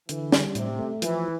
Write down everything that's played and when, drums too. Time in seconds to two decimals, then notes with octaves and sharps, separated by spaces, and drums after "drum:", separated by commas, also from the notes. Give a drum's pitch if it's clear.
0.09 D3 E3, drum: hi-hat
0.32 G3, drum: snare
0.55 A2 C3, drum: hi-hat
0.79 A3
1.02 E3 F3, drum: hi-hat